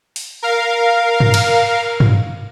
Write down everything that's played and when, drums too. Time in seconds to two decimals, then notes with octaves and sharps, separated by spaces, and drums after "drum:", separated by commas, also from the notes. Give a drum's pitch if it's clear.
0.16 drum: open hi-hat
0.43 A#4 F5
1.20 drum: tom G2
1.34 drum: cymbal
2.00 drum: tom G2